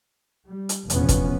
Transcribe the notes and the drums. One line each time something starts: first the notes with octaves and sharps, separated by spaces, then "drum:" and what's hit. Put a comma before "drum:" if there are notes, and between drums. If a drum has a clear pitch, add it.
G3
drum: hi-hat
F1 A#1 E2 F3 B3 C#4, drum: hi-hat
drum: kick, hi-hat